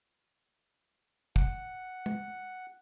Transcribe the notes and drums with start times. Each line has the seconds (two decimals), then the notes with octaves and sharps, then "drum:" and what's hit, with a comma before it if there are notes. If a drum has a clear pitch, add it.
1.36 F#5, drum: kick
2.06 drum: tom G#3